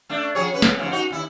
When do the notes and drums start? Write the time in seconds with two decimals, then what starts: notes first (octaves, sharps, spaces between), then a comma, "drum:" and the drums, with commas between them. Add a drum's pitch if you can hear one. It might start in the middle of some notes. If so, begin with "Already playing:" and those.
0.09 A3 D4
0.35 F3 G#4 C#5
0.53 C#4 B4
0.62 drum: snare
0.78 G#2 C#3 F3
0.90 D#4 F#4
1.11 D#2 E4